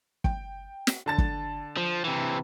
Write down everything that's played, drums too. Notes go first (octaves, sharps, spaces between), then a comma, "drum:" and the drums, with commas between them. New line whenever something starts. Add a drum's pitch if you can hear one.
G5, drum: kick
drum: snare
D3 A5 A6
drum: kick
F3
C3 E3